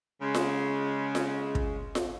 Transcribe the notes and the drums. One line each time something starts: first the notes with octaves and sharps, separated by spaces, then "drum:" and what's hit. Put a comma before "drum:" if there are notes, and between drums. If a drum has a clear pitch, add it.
C#3 G#3
drum: snare F4
drum: snare F4
drum: kick
drum: snare F4